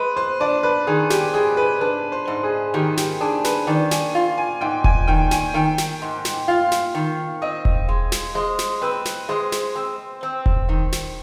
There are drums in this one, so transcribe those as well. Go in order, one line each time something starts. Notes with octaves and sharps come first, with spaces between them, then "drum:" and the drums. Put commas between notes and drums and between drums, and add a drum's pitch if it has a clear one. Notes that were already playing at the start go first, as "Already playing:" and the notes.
Already playing: G#3 B4
C5
D4 D5
B4
D#3 G#4
G4, drum: snare
G#2 G#4
B4
D4 B4
C5
G#2
G#4
D#3 G4
G4, drum: snare
D4 G#4
B4, drum: snare
D#3 D5
G#5, drum: snare
F4
G#5
G#2 G5
G#5, drum: kick E1
D#3 G5
G#5, drum: snare
D#3 G5
drum: snare
G#2
drum: snare
F4 F5
drum: snare
D#3
C4 D#5
drum: kick E1
G#3
drum: snare
G#3 C5
drum: snare
C4 B4
drum: snare
G#3 C5
drum: snare
C4
C4
drum: kick E1
D#3
drum: snare